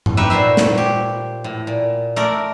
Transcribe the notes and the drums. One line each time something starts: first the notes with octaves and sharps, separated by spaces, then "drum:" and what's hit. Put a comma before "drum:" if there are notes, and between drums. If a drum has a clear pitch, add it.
drum: tom G#2
D#4 G4 B4 E5
A#2 F#4 C5 E5
drum: snare
G4
A2
A#2
A3 A#4 D5